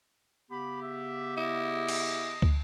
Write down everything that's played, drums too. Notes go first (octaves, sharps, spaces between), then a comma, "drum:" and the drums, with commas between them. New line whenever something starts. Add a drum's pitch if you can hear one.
C#3 B3 G4 B5
E5
E4 D#5
drum: cymbal
drum: kick